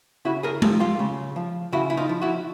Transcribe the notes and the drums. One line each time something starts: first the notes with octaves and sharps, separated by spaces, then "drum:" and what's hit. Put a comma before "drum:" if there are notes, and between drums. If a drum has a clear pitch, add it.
C#3 E4 F#4
G#4 A#4
F3 G4 A4, drum: tom G#3
F4 G4
C#3
F3
C#3 E4 F#4
E4
D#4 F4
F3
E4 F#4